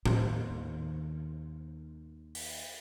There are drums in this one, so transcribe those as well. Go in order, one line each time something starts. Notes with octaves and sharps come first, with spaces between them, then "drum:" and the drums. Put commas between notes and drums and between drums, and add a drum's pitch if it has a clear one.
D#2 D#3, drum: tom A2
drum: open hi-hat